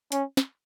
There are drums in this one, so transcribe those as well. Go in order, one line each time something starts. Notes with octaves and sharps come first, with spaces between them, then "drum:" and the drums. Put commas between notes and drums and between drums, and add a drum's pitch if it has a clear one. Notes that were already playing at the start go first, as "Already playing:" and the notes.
C#4, drum: hi-hat
drum: snare